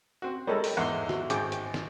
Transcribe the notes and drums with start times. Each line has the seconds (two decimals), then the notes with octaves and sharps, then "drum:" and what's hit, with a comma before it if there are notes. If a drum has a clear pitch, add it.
0.22 C4 F#4
0.47 G3 G#3 A4 A#4 C#5
0.64 drum: open hi-hat
0.77 E2 G#2 F#5 C6
1.09 F#4, drum: snare
1.30 G#1 G#4 G5 D6, drum: hi-hat
1.52 drum: hi-hat
1.74 drum: snare